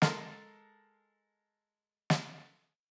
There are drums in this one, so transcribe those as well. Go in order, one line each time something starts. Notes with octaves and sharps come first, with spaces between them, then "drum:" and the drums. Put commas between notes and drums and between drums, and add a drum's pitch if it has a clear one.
G#3 A4 A#4 C6 F6, drum: snare
drum: snare